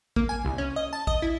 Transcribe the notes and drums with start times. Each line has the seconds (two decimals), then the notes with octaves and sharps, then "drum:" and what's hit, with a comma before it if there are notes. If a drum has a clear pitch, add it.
0.16 A#3, drum: kick A1
0.29 G#5
0.45 C2
0.58 C#4
0.76 D#5
0.93 A5
1.07 D#5, drum: kick A1
1.22 E4